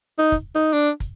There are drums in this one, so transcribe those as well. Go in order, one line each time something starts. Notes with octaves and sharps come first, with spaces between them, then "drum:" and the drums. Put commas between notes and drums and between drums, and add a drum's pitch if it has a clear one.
D#4, drum: hi-hat
drum: kick, hi-hat
D#4
D4, drum: hi-hat
drum: kick, hi-hat